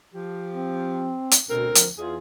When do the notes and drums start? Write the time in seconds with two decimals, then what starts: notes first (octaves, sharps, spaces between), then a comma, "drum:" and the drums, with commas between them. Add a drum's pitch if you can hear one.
0.15 F3 G4
0.53 C4
1.31 drum: hi-hat
1.50 D2 B2 C4 A#4
1.75 F3, drum: hi-hat
1.98 E2 F4 G#4